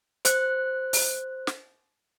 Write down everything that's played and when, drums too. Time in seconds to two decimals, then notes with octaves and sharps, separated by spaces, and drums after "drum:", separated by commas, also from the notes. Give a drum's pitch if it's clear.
0.25 C5 F#6, drum: hi-hat
0.93 drum: open hi-hat
1.47 drum: snare